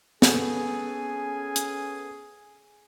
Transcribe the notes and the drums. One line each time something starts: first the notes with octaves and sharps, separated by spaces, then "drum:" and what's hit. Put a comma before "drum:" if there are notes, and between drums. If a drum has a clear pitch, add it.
B3 C#4 G#4 A4 G#5, drum: snare
drum: hi-hat